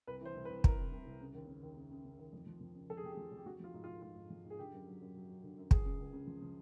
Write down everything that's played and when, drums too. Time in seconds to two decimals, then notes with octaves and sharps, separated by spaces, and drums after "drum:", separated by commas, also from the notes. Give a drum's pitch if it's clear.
0.07 C2 B4
0.21 E3 C5
0.35 C2
0.45 B4
0.50 C2
0.64 C2 A#4, drum: kick
0.78 C3
0.92 C2
1.05 C2
1.21 C#3
1.35 D#2
1.48 C#3
1.63 D#2
1.77 C#3
1.91 C#3
2.05 C#3
2.19 D#2
2.33 F2
2.47 F3
2.61 F3
2.76 C#3
2.90 F2 A4
2.97 G#4
3.03 F2 G4
3.12 F3 G#4
3.32 F2
3.37 G4
3.46 F3 F#4
3.60 F3 F4
3.74 G#2
3.84 F4
3.89 G#2
4.02 G#2 F4
4.16 G#2
4.30 F3
4.44 G#2
4.50 G#4
4.59 D3 G4
4.73 F#2
4.87 F#3
5.01 F#2
5.15 F#3
5.29 F#3
5.43 D3
5.58 F#2
5.71 C#2 G#4, drum: kick
5.85 C#3
5.99 C#2
6.13 C#3
6.27 F3
6.42 F3